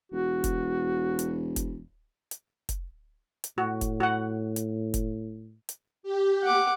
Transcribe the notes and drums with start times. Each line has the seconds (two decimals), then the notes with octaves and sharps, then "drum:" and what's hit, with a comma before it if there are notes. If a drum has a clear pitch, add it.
0.12 E1 F#4
0.44 drum: kick F1, hi-hat
1.19 drum: hi-hat
1.56 drum: kick F1, hi-hat
2.31 drum: hi-hat
2.69 drum: kick F1, hi-hat
3.44 drum: hi-hat
3.58 A2 F#4
3.81 drum: kick F1, hi-hat
4.00 F#4 F#5
4.56 drum: hi-hat
4.94 drum: kick F1, hi-hat
5.69 drum: hi-hat
6.03 G4
6.44 F#5 D6